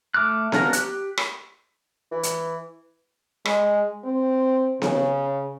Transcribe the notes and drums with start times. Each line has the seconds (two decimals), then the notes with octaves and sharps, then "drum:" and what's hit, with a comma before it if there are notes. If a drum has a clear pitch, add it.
0.14 A3 D6 F6 F#6
0.52 A#3 C#4 D4 F#4 A#4, drum: snare B3
0.73 G4 F#6, drum: hi-hat
1.17 drum: rim click
2.12 E3
2.23 drum: hi-hat
3.45 G#3, drum: rim click
4.05 C4
4.82 C#3, drum: snare B3